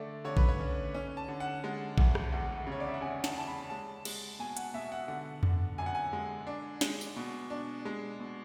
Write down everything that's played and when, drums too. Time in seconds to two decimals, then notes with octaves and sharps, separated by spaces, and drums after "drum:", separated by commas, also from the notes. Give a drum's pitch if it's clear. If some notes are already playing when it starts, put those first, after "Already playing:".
Already playing: D3 A3 D5
0.25 D3 C#5
0.37 B4, drum: kick A#1
0.49 C#5
0.60 C#4
0.94 C#4
1.17 A5
1.28 D3
1.40 F#5
1.64 G#3
1.98 D2, drum: kick A#1
2.15 drum: rim click
2.32 E2
2.67 C#3 C#5
2.80 D5
2.87 E5
2.94 F#5
3.01 C#3 G#5
3.24 A5, drum: snare
3.36 E2 A5
3.47 B5
3.70 G#3 A5
4.05 G#3, drum: cymbal
4.39 B2 G#5
4.57 F#5, drum: hi-hat
4.74 B2 E5
4.92 F#5
5.08 D3 F#5
5.43 D3, drum: tom F2
5.78 F#2 G#5
5.86 F#5
5.95 G#5
6.13 G#3
6.47 D4
6.81 G#3, drum: snare
7.01 drum: tambourine
7.16 B2
7.50 D4
7.85 G#3
8.20 B2